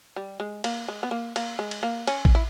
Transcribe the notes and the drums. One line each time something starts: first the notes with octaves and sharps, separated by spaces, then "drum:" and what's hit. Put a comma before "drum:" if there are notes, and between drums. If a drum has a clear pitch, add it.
G3
G#3
A#3, drum: cymbal
G#3
B3
A#3
A#3, drum: cymbal
G#3
drum: cymbal
A#3
C#4, drum: cymbal
drum: kick A1
E4